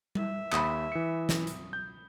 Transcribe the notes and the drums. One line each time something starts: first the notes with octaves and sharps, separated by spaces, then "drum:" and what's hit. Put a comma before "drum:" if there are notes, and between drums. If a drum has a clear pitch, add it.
E5, drum: tom G3
D#2 B5 D#6, drum: clap
E3 C#7
drum: snare
drum: hi-hat
G6